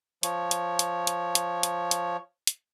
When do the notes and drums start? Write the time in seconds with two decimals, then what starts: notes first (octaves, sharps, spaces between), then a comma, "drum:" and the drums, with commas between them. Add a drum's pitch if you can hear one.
0.23 F3 C#5, drum: hi-hat
0.51 drum: hi-hat
0.79 drum: hi-hat
1.07 drum: hi-hat
1.35 drum: hi-hat
1.63 drum: hi-hat
1.91 drum: hi-hat
2.47 drum: hi-hat